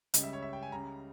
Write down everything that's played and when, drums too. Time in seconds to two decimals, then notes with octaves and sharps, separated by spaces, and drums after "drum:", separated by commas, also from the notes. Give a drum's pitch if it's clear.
0.14 C#2 C#3 G3 D#5, drum: hi-hat
0.24 E5
0.33 C#5
0.42 E5
0.53 G5
0.63 G#5
0.72 C#2 C#3 G3 A#5